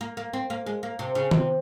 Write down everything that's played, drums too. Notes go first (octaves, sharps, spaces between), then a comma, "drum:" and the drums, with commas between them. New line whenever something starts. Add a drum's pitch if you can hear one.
A#3
A#3
C4
A#3
G#3
A#3
C3
C#3
C3, drum: tom D#3